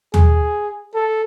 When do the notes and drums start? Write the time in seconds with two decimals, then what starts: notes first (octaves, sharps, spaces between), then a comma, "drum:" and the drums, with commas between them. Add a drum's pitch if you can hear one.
0.14 G#4, drum: tom D#2
0.94 A4